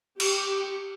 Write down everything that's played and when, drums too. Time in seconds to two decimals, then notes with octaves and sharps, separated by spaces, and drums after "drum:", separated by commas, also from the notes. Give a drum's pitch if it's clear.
0.20 G4, drum: cymbal